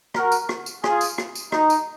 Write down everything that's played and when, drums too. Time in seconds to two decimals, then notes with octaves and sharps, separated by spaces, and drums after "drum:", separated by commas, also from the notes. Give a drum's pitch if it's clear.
0.14 F#4 A#4, drum: rim click
0.32 drum: tambourine
0.49 drum: rim click
0.66 drum: tambourine
0.84 F4 G#4, drum: rim click
1.01 drum: tambourine
1.18 drum: rim click
1.35 drum: tambourine
1.52 D#4, drum: rim click
1.70 drum: tambourine